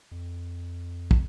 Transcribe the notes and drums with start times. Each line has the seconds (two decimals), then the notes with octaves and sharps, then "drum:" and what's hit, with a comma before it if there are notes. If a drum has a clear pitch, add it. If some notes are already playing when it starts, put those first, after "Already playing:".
0.12 F2
1.11 drum: kick